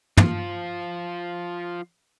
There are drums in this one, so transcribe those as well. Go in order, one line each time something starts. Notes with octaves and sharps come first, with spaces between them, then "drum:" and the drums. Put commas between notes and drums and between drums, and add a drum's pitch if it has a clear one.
F3 F4, drum: tom